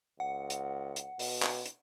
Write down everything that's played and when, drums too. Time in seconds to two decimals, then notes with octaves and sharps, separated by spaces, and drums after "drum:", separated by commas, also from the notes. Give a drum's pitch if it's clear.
0.20 C#2 F#5
0.50 drum: hi-hat
0.96 drum: hi-hat
1.19 B2, drum: open hi-hat
1.42 drum: clap
1.66 drum: hi-hat